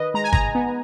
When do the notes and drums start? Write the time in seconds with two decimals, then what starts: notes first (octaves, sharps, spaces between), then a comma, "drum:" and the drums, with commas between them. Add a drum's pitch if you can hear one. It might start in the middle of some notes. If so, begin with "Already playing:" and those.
Already playing: D#3 B4 D#5
0.14 G#3 A#5
0.24 G#5
0.33 A#5, drum: kick G1
0.55 B3